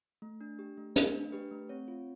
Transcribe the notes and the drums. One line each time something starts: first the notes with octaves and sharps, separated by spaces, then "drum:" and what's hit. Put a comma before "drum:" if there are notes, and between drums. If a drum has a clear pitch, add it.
A3
D4
G4
A3
A3, drum: hi-hat
D4
G4 B4
A3
C4 C#5
F4